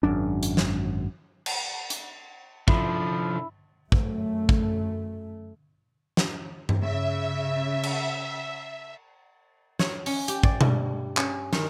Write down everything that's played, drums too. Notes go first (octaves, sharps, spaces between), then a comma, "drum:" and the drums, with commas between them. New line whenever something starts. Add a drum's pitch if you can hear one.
G#1 F#2 D4
drum: hi-hat
drum: snare
drum: cymbal
drum: hi-hat
C3 F3 D4 E4 A4, drum: kick
F#2 A3, drum: kick
drum: kick
drum: snare
drum: tom G2
C#3 E5
drum: cymbal
C#5, drum: snare
C#4, drum: open hi-hat
G4, drum: hi-hat
D5, drum: kick
G2, drum: tom B2
C#4, drum: clap
D#3, drum: snare